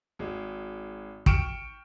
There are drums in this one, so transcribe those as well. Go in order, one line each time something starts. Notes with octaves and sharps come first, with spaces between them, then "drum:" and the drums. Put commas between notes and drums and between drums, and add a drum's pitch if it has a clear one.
G#1 G#3
G5 C#6 F6 C#7 D7 E7, drum: kick